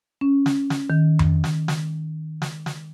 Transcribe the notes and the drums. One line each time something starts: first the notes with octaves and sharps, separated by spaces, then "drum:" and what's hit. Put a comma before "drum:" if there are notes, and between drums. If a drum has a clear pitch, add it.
C#4
drum: snare
drum: snare
D#3
drum: tom F2
drum: snare
drum: snare
drum: snare
drum: snare